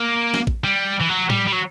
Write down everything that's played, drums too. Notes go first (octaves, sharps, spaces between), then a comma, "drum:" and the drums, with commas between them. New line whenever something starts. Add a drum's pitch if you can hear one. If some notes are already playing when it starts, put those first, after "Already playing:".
Already playing: A#3
drum: snare
drum: kick A1
G3
E3
F#3
G3, drum: tom A2
G3
F#3